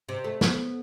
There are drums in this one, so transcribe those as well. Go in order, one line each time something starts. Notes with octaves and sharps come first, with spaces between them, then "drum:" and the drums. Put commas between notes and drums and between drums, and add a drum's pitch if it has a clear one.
C3
A3
B3, drum: snare